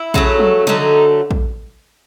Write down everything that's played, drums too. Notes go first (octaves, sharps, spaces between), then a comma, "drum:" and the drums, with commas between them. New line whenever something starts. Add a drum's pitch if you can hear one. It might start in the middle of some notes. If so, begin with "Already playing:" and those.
Already playing: E4
C#3 F#3 A3, drum: kick
drum: tom
D3 F#3 A3 D#4, drum: tom
drum: kick